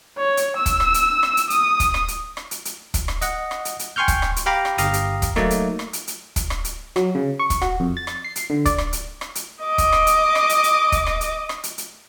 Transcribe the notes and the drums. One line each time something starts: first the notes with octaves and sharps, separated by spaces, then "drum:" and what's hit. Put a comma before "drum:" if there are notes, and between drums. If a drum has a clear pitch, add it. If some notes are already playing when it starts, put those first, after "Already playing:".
C#5
drum: hi-hat
E6
drum: kick, hi-hat
drum: rim click
drum: hi-hat
drum: rim click
drum: hi-hat
D#6, drum: hi-hat
drum: kick, hi-hat
drum: rim click
drum: hi-hat
drum: rim click
drum: hi-hat
drum: hi-hat
drum: kick, hi-hat
drum: rim click
D#5 F#5, drum: hi-hat
drum: rim click
drum: hi-hat
drum: hi-hat
G5 G#5 C6 C#6 F6 G6
drum: kick, hi-hat
drum: rim click
drum: hi-hat
G4 F5 G5 A#5 B5 D6
drum: rim click
G1 G4 F5 A#5 D#6, drum: hi-hat
drum: hi-hat
drum: kick, hi-hat
F#3 A3 A#3 D#4, drum: rim click
drum: hi-hat
drum: rim click
drum: hi-hat
drum: hi-hat
drum: kick, hi-hat
drum: rim click
drum: hi-hat
F#3, drum: rim click
C#3
C#6
drum: kick, hi-hat
F#4, drum: rim click
F2
A6
drum: rim click
C7
drum: hi-hat
D3
D5, drum: kick, hi-hat
drum: rim click
drum: hi-hat
drum: rim click
drum: hi-hat
D#5 D6
drum: kick, hi-hat
drum: rim click
drum: hi-hat
drum: rim click
drum: hi-hat
drum: hi-hat
drum: kick, hi-hat
drum: rim click
drum: hi-hat
drum: rim click
drum: hi-hat
drum: hi-hat